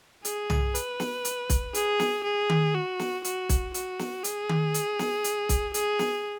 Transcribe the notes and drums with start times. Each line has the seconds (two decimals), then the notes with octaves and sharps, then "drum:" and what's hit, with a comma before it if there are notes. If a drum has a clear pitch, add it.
0.25 G#4, drum: hi-hat
0.50 drum: tom
0.75 B4, drum: hi-hat
1.00 drum: snare
1.25 drum: hi-hat
1.50 drum: kick, hi-hat
1.74 G#4, drum: hi-hat
2.00 drum: snare
2.24 G#4
2.49 drum: tom D#3
2.75 F#4
2.99 drum: snare
3.24 F#4, drum: hi-hat
3.49 drum: kick, hi-hat
3.74 F#4, drum: hi-hat
3.99 drum: snare
4.24 G#4, drum: hi-hat
4.49 drum: tom D#3
4.74 drum: hi-hat
4.99 drum: snare
5.24 drum: hi-hat
5.49 drum: kick, hi-hat
5.74 G#4, drum: hi-hat
5.99 drum: snare